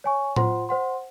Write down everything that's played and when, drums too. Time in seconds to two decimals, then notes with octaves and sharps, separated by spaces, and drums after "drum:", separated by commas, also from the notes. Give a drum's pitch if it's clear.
0.04 C#5 G#5 C#6
0.36 F4 C5 F#5 C6, drum: tom A2
0.69 C5 F#5 C6